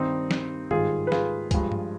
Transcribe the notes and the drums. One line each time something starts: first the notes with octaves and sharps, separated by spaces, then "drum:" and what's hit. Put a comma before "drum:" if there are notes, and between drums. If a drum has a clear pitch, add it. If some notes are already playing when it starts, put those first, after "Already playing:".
Already playing: G2 D#3 G3 C4 D#4
drum: snare
G#2 D#3 G3 F4 G#4, drum: tom G2
B4
F4 G#4, drum: snare
G2 F3 G#3, drum: kick, hi-hat
drum: tom G2